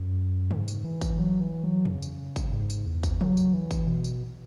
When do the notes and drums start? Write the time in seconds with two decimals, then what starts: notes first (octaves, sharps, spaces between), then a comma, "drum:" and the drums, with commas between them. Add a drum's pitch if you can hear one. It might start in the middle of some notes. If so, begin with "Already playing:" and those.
Already playing: F#2
0.51 G#2, drum: tom
0.68 drum: tambourine
0.84 E3
1.01 drum: kick, tambourine
1.19 F#3
1.41 E3
1.64 F#3
1.85 C#3, drum: tom E2
2.02 drum: tambourine
2.36 drum: kick, tambourine
2.53 G#2
2.70 drum: tambourine
2.86 E2
3.03 drum: kick, tambourine
3.21 F#3, drum: tom
3.37 drum: tambourine
3.54 E3
3.71 drum: kick, tambourine
3.88 B2
4.04 drum: tambourine